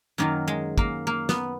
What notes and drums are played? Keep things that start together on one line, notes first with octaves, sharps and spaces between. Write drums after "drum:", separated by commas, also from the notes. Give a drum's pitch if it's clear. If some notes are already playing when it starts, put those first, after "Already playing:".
F#2 D#3 F#3 A#3
G#3
A#3, drum: kick
A#3
B3, drum: snare